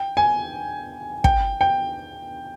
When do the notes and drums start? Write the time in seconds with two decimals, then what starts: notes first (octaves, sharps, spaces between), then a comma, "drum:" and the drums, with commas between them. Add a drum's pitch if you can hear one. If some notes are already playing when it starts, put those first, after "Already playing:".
Already playing: G5
0.17 G#5
1.24 G5, drum: kick
1.61 G5